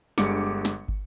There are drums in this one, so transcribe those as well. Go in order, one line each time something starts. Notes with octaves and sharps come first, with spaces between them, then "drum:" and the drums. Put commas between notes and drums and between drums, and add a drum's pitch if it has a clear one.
G1 D3 G3 G#3 D6 C#7, drum: snare
drum: snare
drum: kick